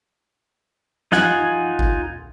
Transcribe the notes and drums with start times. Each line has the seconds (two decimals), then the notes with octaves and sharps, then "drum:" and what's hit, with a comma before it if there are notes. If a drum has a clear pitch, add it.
1.12 D#4 F4 F#5 G#5, drum: snare
1.79 drum: kick G1